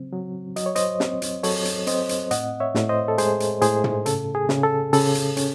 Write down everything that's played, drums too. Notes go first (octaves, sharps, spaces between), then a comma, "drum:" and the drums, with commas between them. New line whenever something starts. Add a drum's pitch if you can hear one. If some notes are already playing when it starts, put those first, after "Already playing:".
Already playing: C#3 F#3 C4
F#3
F#3 D#5, drum: hi-hat
C#5
C5 D#5, drum: hi-hat
C4, drum: snare
drum: hi-hat
F#3 A4 C#5, drum: open hi-hat
drum: hi-hat
C4 C5 D#5, drum: hi-hat
drum: hi-hat
A2 D#5 F#5, drum: hi-hat
C#5 E5
A2, drum: snare
C5 D#5
A4
G#3 G#4 C5, drum: hi-hat
drum: hi-hat
A2 G#4 C5, drum: hi-hat
drum: tom
C#3 A4, drum: hi-hat
G#4
C#3, drum: snare
A4
C#3 A4, drum: open hi-hat
drum: hi-hat
C#4, drum: hi-hat